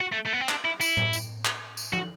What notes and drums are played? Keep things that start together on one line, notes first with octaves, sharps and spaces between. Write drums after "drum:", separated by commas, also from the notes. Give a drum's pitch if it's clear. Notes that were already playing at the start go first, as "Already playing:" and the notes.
F#4
A3
A3
B3
C4
D4, drum: clap
E4
E4, drum: tambourine
drum: tom A2
drum: tambourine
drum: clap
drum: tambourine
F#4, drum: tom